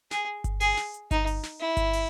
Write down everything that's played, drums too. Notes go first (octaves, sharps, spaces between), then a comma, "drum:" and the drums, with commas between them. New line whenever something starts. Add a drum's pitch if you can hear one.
G#4, drum: snare
drum: kick G1, hi-hat
G#4, drum: open hi-hat
drum: snare
drum: hi-hat
D#4, drum: kick G1, hi-hat
drum: open hi-hat
drum: snare
E4
drum: kick G1, hi-hat
drum: open hi-hat